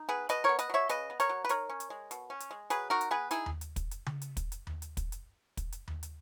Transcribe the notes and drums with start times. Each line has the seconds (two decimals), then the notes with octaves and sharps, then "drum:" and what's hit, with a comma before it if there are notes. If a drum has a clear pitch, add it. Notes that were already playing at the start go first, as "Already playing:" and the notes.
Already playing: D#4
0.09 B3 G#4 B4
0.29 B2 B4 D#5, drum: hi-hat
0.44 B3 A#4 C#5
0.59 B4 D#5, drum: hi-hat
0.70 F#3 C#5 E5
0.89 C#3 B4 D#5, drum: hi-hat
1.10 B3
1.20 A#4 C#5, drum: hi-hat
1.29 F#3
1.45 B4
1.49 D#3 A#4 C#5, drum: hi-hat
1.69 C#4
1.80 drum: hi-hat
1.90 G#3
2.11 B2, drum: hi-hat
2.30 C#4
2.40 drum: hi-hat
2.51 G#3
2.70 F#3 G#4 B4, drum: hi-hat
2.90 D#4 F#4 A#4
3.01 drum: hi-hat
3.11 B3 G#4 B4
3.31 D#4 E4 G#4, drum: hi-hat
3.46 drum: tom D#2
3.61 drum: hi-hat
3.76 drum: kick, hi-hat
3.91 drum: hi-hat
4.06 drum: tom C#3
4.22 drum: hi-hat
4.37 drum: kick, hi-hat
4.52 drum: hi-hat
4.67 drum: tom D#2
4.82 drum: hi-hat
4.97 drum: kick, hi-hat
5.12 drum: hi-hat
5.57 drum: kick, hi-hat
5.72 drum: hi-hat
5.88 drum: tom D#2
6.03 drum: hi-hat